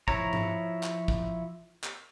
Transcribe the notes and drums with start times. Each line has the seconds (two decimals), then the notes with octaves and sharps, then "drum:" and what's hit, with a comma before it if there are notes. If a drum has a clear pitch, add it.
0.08 F3 E4 C#5 A#5, drum: kick
0.33 drum: tom G#2
0.83 drum: clap
1.08 drum: kick
1.84 drum: clap